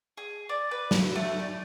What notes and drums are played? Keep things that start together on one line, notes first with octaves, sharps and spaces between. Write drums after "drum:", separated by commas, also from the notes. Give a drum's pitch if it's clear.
G#4
D5
B4
drum: snare
A3
D5